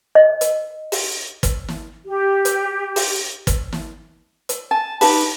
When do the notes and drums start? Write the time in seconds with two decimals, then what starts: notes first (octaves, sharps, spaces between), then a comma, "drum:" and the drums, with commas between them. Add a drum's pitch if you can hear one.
0.15 D#5
0.41 drum: hi-hat
0.92 drum: open hi-hat
1.43 drum: kick, hi-hat
1.68 drum: snare
2.06 G4
2.45 drum: hi-hat
2.96 drum: open hi-hat
3.47 drum: kick, hi-hat
3.72 drum: snare
4.49 drum: hi-hat
4.71 G#5 A5
5.01 D#4 G4 B4 A5, drum: open hi-hat